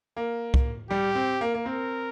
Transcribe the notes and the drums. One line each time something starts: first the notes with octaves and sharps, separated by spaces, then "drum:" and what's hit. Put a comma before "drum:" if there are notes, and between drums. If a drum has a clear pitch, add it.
A#3
drum: kick
G3 G4
C4
A#3
A#3
C4 A#4